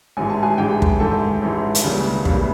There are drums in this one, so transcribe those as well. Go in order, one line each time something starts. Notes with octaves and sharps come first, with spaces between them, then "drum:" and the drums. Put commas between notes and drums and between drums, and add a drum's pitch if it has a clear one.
A1 G#2 E3 G#3 G#5
A5
G#4 G#5
A1 G#2 E3 G#3 G4 G5
drum: kick
A1 G#2 E3 G#3 A4 A5
A1 G#2 E3 G#3
drum: hi-hat
C#2 C#3 E3 G3 A#3
C#2 C#3 E3 G3 A#3, drum: kick